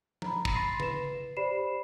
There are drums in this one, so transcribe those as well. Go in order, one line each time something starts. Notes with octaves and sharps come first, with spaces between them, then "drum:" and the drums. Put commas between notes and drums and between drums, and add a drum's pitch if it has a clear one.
A#5 B5, drum: tom F3
drum: kick
B5 C6 A6 A#6 C7
B4 E7, drum: tom C#3
G4 C5 D5 B5 C7 E7